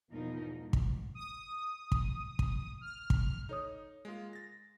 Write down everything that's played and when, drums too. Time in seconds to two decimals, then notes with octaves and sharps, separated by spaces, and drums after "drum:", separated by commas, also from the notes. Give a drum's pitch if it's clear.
0.11 E2 B2 F3 D#4 A#4
0.59 G#2
0.73 drum: kick
1.15 D#6
1.92 drum: kick
2.39 drum: kick
2.81 F6
3.10 drum: kick
3.49 D#4 A4 C#5 D#6
4.05 G#3 A#3 F4
4.33 A6 A#6